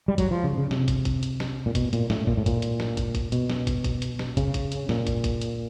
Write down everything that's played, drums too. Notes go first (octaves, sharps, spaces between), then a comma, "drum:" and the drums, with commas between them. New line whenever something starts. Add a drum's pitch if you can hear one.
G3
F#3, drum: kick, hi-hat
F3
C#3
C#3
C3, drum: snare
drum: kick, hi-hat
drum: kick, hi-hat
drum: hi-hat
drum: snare
A#2
B2, drum: kick, hi-hat
A#2, drum: hi-hat
A2, drum: snare
A#2, drum: kick
A2
A#2, drum: kick, hi-hat
drum: hi-hat
drum: snare
drum: kick, hi-hat
drum: kick, hi-hat
B2, drum: hi-hat
drum: snare
drum: kick, hi-hat
drum: kick, hi-hat
drum: hi-hat
drum: snare
C#3, drum: kick, hi-hat
drum: kick, hi-hat
drum: hi-hat
A#2, drum: snare
drum: kick, hi-hat
drum: kick, hi-hat
drum: hi-hat